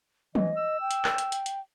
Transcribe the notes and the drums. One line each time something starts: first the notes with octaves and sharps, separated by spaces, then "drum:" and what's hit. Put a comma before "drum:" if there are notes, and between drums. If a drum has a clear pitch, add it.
E3 D#5, drum: tom
E6
G5
drum: hi-hat
drum: clap
drum: hi-hat
drum: hi-hat
drum: hi-hat